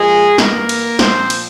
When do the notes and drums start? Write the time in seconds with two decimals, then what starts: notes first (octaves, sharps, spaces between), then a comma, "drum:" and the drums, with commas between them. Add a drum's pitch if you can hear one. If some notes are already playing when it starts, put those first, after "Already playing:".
Already playing: A#2 F3 G#3 G#4
0.38 G2 E3 A#3 A#4, drum: snare
0.69 drum: cymbal
0.99 A#2 F3 C4 C5, drum: snare
1.30 drum: cymbal